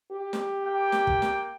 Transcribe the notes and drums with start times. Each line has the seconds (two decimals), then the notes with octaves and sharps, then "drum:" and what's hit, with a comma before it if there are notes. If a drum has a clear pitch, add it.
0.11 G4
0.33 drum: snare
0.63 A#3 G5
0.92 drum: snare
1.07 drum: kick
1.22 drum: snare